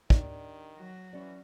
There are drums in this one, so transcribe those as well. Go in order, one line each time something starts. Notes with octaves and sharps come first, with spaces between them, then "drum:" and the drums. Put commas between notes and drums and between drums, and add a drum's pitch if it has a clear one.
D#3 D4 G4 D5, drum: kick
F#3 F#4
E3 C#4 D5